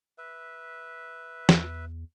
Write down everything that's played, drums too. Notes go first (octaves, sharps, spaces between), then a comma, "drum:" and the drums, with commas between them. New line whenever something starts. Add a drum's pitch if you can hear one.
B4 E5
E2, drum: snare